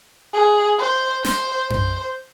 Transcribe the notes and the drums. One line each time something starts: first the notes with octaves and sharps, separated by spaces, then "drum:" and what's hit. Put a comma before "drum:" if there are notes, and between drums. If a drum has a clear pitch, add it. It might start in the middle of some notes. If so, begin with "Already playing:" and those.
G#4
C5
C5, drum: snare
C5, drum: tom F#2